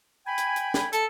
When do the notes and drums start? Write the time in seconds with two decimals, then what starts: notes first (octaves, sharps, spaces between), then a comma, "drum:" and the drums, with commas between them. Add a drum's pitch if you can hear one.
0.26 G5 G#5 B5
0.38 drum: hi-hat
0.56 drum: hi-hat
0.74 drum: snare
0.93 A4, drum: hi-hat